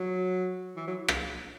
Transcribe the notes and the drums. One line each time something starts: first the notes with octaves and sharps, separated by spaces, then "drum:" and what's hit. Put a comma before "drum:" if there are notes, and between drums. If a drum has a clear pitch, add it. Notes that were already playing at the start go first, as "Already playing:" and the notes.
Already playing: F#3
E3
F#3
drum: rim click